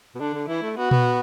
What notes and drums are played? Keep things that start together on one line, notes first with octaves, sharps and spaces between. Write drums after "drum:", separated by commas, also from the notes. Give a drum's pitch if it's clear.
B2
D3 D4
D3
E3 E4
A3
B3 F#4
B3, drum: tom A#2